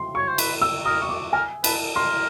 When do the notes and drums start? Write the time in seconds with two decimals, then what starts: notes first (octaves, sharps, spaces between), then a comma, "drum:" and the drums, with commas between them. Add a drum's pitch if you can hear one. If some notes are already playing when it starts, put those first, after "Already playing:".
Already playing: C6
0.15 C#5 C#6
0.28 C5
0.38 B4, drum: cymbal
0.61 E6
0.85 A#4 D#6
1.01 C#6
1.09 D6
1.33 A#4 G#5
1.64 B4 A5, drum: cymbal
1.96 A#4 C6